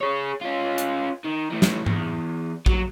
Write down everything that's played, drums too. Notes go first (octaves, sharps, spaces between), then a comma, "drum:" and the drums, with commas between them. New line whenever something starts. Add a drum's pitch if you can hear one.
G#4 C#5
C#4 F4
drum: hi-hat
D#3
A2 E3
drum: snare
E2, drum: tom G#2
F#3, drum: kick A#1